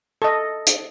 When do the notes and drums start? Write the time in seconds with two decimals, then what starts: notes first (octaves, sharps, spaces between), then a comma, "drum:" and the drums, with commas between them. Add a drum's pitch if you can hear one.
0.22 A4 D#5
0.67 drum: hi-hat